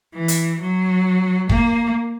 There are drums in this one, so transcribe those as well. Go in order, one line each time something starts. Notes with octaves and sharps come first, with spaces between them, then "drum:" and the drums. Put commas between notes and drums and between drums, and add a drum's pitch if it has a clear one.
E3
drum: hi-hat
F#3
A#3, drum: kick